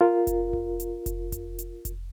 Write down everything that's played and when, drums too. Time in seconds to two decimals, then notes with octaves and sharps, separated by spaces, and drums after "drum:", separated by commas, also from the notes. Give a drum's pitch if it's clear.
0.01 F4 A#4
0.27 drum: kick F1, hi-hat
0.53 drum: kick F1
0.80 drum: hi-hat
1.06 drum: kick F1, hi-hat
1.32 drum: kick F1, hi-hat
1.59 drum: hi-hat
1.85 drum: kick F1, hi-hat